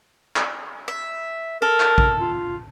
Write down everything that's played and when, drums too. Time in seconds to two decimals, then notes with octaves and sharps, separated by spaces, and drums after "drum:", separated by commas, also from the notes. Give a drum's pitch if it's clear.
0.36 drum: clap
0.88 E5
1.62 A4 A#4
1.80 drum: clap
1.98 drum: kick A#1
2.21 F4